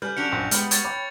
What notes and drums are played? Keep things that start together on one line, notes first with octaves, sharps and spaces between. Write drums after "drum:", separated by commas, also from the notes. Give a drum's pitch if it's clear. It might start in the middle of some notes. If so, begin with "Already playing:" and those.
G3 B4 G#5 F6 G6
F#3 C#4 D4 C#7 F7
A#1 F#2 G5
G3 G#3 B3 G5 B5 F6, drum: hi-hat
C#6 G#6 A6, drum: hi-hat
C#5 G5 B5 D6